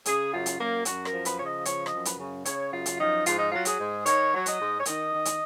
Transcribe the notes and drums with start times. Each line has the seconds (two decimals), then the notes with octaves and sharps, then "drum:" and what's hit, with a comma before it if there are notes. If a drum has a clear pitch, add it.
0.05 C#3 G#4, drum: hi-hat
0.32 F#2 F4
0.46 drum: hi-hat
0.59 F#2 A#3
0.85 F#2 F#4, drum: hi-hat
1.05 A#4, drum: rim click
1.12 F3
1.25 B4, drum: hi-hat
1.39 C#3 C#5
1.45 D#5
1.65 F3 C#5, drum: hi-hat
1.86 D#5, drum: rim click
1.92 F#2
2.05 B4, drum: hi-hat
2.19 C#3
2.45 C#3 C#5, drum: hi-hat
2.72 F#2 F4
2.86 drum: hi-hat
2.99 F3 D#4
3.26 G#2 F4, drum: hi-hat
3.38 D#4
3.50 F#3 F4
3.65 G#4, drum: hi-hat
3.79 G#2
4.06 D#3 C#5, drum: hi-hat
4.32 F#3 C#5
4.46 D#5, drum: hi-hat
4.59 G#2
4.80 C#5
4.85 D#3 D#5, drum: hi-hat
5.13 D#3
5.25 drum: hi-hat